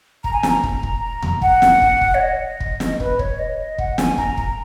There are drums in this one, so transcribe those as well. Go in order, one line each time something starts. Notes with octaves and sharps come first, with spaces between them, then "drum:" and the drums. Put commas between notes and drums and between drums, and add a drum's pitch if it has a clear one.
A#5, drum: kick
G#5
A#5, drum: snare
drum: kick
drum: kick
drum: tom E2
F#5, drum: kick
drum: snare
drum: kick
drum: kick
C#5
D#5
drum: kick
drum: snare
B4, drum: kick
C#5, drum: kick
D#5
F#5, drum: kick
G#5, drum: snare
A#5, drum: kick
A#5, drum: kick